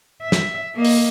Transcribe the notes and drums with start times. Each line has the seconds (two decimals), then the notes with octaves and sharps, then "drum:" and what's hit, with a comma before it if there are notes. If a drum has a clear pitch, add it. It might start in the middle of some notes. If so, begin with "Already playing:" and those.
0.22 E5
0.32 drum: snare
0.75 A#3 D#5
0.85 drum: open hi-hat